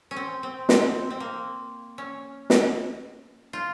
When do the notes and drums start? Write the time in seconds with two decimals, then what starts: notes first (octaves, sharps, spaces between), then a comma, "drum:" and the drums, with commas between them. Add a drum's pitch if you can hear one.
0.11 C#4
0.16 C4
0.43 C4
0.69 drum: snare
0.82 C4
1.11 C4
1.20 A#3
1.98 C#4
2.50 drum: snare
3.53 F4